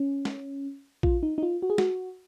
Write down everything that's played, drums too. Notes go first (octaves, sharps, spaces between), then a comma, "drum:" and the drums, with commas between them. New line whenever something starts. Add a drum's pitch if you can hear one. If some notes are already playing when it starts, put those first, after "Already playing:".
Already playing: C#4
drum: snare
F4, drum: kick A#1
D#4
D#4
F4
F#4
G#4
F#4, drum: snare